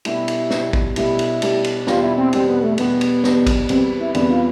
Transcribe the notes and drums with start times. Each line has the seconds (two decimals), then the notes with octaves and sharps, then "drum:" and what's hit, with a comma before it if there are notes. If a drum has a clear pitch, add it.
0.05 B2 G3 D4 E4 G4, drum: cymbal
0.28 drum: cymbal
0.50 B2 G3 D4 G4, drum: snare
0.73 drum: kick
0.96 B2 G3 D4 E4 G4, drum: cymbal
1.19 drum: cymbal
1.42 B2 G3 D4 G4, drum: cymbal
1.64 drum: cymbal
1.87 E2 B2 G3 D4 F4 G4, drum: snare
2.02 E4
2.18 C4
2.33 E2 B2 G3 C4 D4 G4, drum: cymbal
2.48 B3
2.63 A3
2.78 E2 B2 G3 B3 D4 G4, drum: cymbal
3.01 drum: cymbal
3.24 E2 B2 G3 D4 G4, drum: snare
3.47 drum: kick, cymbal
3.69 E2 C3 G3 B3 C4, drum: cymbal
4.00 E4
4.15 E2 C3 G3 B3 D4, drum: cymbal
4.30 F4